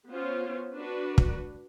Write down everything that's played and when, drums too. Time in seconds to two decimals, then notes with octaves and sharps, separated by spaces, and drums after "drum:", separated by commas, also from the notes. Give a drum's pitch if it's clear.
0.10 B3 C#4 F4 C5 C#5
0.76 D4 F#4 B4
1.18 drum: kick